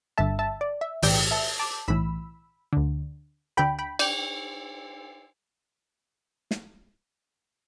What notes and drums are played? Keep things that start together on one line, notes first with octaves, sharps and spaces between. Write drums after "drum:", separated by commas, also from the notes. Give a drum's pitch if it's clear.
G1 G2 D3 E5 A5
E5 A5
D5
E5
B1 A2 E3 D5 G5, drum: open hi-hat
E5 A5
A5 D6
B1 A2 E3 B5 E6
D2 D3
D2 D3 G5 B5
G5 B5
D5 G5, drum: cymbal
drum: snare